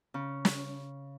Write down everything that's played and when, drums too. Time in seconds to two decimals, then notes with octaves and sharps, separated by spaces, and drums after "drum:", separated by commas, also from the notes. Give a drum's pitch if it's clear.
0.14 C#3
0.45 drum: snare